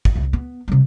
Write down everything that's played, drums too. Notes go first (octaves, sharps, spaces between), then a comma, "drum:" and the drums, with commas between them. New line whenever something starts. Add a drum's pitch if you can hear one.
drum: kick
C2
B3
C3 G3